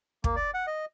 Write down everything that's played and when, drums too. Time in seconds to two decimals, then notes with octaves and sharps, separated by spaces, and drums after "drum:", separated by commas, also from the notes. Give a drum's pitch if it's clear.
0.24 A#3, drum: kick
0.36 D5
0.54 F#5
0.67 D#5